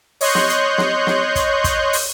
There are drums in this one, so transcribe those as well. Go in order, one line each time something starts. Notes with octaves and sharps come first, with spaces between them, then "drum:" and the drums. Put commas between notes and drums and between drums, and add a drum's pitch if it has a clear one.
C#5 D#5 C6 C#6 F#6 G6, drum: open hi-hat
drum: snare
drum: hi-hat
drum: snare
drum: snare
drum: kick, hi-hat
drum: kick, hi-hat
drum: open hi-hat